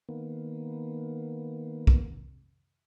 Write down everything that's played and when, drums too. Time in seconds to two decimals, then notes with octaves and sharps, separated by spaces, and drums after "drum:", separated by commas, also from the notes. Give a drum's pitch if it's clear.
0.09 D#3 A#3 B3
1.87 drum: kick B1